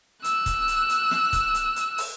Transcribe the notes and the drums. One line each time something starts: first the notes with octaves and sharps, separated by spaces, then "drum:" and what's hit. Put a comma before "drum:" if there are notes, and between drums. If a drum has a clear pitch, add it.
E6 F#6, drum: hi-hat
drum: kick, hi-hat
drum: hi-hat
drum: hi-hat
drum: snare
drum: kick, hi-hat
drum: hi-hat
drum: hi-hat
drum: open hi-hat